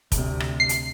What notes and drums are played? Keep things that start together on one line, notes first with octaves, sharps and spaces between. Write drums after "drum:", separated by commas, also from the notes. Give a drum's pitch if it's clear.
D2 C3, drum: kick, hi-hat
drum: rim click
C7
drum: hi-hat